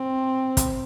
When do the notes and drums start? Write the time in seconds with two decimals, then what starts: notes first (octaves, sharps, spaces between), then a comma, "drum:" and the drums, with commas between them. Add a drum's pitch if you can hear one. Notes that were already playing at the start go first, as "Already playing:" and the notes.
Already playing: C4
0.57 drum: kick, hi-hat